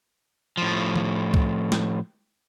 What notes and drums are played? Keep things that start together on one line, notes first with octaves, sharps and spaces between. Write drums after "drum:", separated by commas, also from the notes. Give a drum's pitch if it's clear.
A2 F3
drum: tom D#3
drum: kick C2
drum: snare